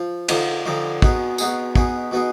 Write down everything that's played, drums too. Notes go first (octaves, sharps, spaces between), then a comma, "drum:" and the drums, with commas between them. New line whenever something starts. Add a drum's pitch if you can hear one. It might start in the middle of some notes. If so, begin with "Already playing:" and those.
Already playing: F3
D3 F3 C4 D#4, drum: cymbal
D3 F3 C4 D#4
B2 B3 D#4 G#4, drum: kick
B2 B3 D#4 G#4, drum: tambourine
B2 B3 D#4 G#4, drum: kick
B2 B3 D#4 G#4